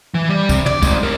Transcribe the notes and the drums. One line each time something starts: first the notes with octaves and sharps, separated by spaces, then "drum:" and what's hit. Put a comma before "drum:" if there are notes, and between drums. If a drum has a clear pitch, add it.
E3
G3
C3, drum: kick, tambourine
D5, drum: tom
G#3 C4, drum: kick, tambourine
G4 A#4